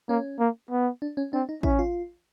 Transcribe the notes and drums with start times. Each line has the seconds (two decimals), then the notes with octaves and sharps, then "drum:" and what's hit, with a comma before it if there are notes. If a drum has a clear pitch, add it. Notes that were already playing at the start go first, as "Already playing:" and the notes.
0.09 A#3 C#4
0.40 A#3
0.71 B3
1.02 D4
1.17 C#4
1.33 C4 D4
1.49 D#4
1.63 C#4 E4, drum: kick A1
1.79 F4